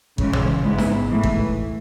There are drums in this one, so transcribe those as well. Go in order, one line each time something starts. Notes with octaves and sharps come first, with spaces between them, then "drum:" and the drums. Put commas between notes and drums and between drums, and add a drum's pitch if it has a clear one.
C#3 E3 G#3, drum: kick
drum: tom
G#2 G#3 B3 E4
drum: snare
A2 E3 A3
drum: kick